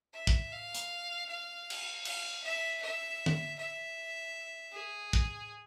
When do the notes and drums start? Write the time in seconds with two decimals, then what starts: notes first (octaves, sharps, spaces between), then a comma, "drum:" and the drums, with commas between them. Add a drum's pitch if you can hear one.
0.14 E5
0.27 drum: kick
0.51 F5
0.74 drum: hi-hat
1.28 F5
1.70 drum: cymbal
2.05 F5, drum: cymbal
2.43 E5
2.81 E5
3.26 drum: tom D3
3.58 E5
4.72 G#4
5.13 drum: kick